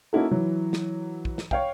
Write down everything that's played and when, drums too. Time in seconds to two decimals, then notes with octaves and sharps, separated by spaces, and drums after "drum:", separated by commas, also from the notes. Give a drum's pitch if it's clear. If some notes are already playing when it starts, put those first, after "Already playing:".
0.13 A#3 C#4 D#4 E4 F#4 A4
0.31 E3 F#3
0.73 drum: snare
1.25 drum: kick
1.38 drum: snare
1.51 C#5 F5 G5, drum: kick